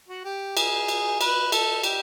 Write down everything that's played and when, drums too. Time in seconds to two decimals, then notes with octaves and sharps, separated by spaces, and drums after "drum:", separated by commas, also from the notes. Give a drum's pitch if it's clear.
0.09 F#4
0.24 G4
0.57 G#4, drum: cymbal
0.88 drum: cymbal
1.21 B4, drum: cymbal
1.52 A4, drum: cymbal
1.83 G4, drum: cymbal